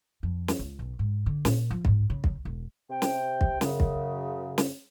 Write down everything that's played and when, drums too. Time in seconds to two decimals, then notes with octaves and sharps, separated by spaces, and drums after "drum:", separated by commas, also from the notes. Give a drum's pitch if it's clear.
0.23 F2
0.48 drum: snare
0.59 C#2
0.79 B1
0.99 G#2
1.26 D3
1.45 A#2, drum: snare
1.71 F3
1.85 G#2, drum: kick
2.10 C#3
2.24 drum: kick
2.45 E1
2.90 C3 G5
3.02 drum: snare
3.41 drum: kick
3.61 F#2 C#3, drum: snare
3.80 drum: kick
4.58 drum: snare